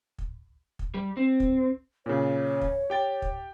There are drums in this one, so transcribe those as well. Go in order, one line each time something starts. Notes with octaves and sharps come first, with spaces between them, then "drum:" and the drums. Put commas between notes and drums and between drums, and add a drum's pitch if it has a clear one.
drum: kick
drum: kick
G3
C4
drum: kick
A#2 C#3 C#5
drum: kick
G4 G5 A6
drum: kick